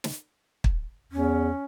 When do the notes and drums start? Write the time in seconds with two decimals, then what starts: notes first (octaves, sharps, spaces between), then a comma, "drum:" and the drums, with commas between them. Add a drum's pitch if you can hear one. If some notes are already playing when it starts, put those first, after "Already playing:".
0.04 drum: snare
0.64 drum: kick
1.12 E2 C#4